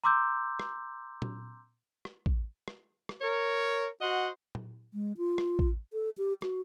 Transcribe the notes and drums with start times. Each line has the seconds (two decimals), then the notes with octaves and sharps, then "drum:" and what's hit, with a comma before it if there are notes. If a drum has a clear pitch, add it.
0.04 A#5 C6 D6 E6 G6
0.59 drum: rim click
1.22 drum: tom A#2
2.05 drum: rim click
2.26 drum: kick
2.68 drum: rim click
3.09 drum: rim click
3.21 A#4 C#5
4.00 F#4 C5 D#5 F#5
4.55 drum: tom A#2
4.94 G#3
5.17 F4
5.38 drum: rim click
5.59 drum: kick
5.93 A4
6.18 G4
6.42 F#4, drum: rim click